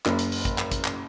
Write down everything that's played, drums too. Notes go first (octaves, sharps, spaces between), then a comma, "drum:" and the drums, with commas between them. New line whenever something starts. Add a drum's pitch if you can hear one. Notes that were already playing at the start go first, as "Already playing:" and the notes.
F#1, drum: clap
drum: hi-hat
drum: open hi-hat
drum: kick, hi-hat
drum: clap
drum: kick, hi-hat
drum: clap